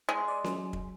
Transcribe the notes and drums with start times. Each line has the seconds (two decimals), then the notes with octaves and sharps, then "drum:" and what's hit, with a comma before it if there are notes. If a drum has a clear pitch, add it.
0.09 G#3
0.28 D5
0.44 F#3, drum: snare C#4
0.73 drum: kick